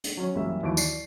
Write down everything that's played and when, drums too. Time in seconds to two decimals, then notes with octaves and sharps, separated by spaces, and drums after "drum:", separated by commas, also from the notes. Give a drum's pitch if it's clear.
0.04 drum: hi-hat
0.17 F#3 C#4
0.35 A1 F#2 G3 A#3 E5
0.63 D#2 E3 F#3 C#6 D7
0.77 D5 C7, drum: tambourine